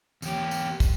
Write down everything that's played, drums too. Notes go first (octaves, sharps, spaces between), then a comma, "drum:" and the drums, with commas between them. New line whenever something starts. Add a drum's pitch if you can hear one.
E2 G4, drum: tambourine
drum: tambourine
drum: kick, tambourine